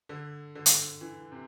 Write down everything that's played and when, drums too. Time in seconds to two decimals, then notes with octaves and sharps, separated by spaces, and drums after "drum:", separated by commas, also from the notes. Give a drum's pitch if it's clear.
0.09 D3
0.55 D3
0.66 drum: hi-hat
1.01 E3
1.32 C3